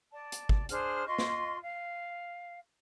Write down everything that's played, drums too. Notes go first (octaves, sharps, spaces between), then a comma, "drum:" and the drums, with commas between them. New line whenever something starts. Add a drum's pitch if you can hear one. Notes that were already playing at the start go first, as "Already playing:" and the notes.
D5 A5
drum: hi-hat
drum: kick
D4 G#4 C5 F6, drum: hi-hat
F4 D#5 C6 C#6
drum: snare
F5